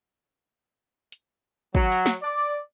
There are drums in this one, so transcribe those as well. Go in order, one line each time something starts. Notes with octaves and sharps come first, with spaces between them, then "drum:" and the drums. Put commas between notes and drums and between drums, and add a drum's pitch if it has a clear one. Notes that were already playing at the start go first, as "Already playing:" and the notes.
drum: hi-hat
F#3, drum: kick
drum: open hi-hat
drum: snare
D5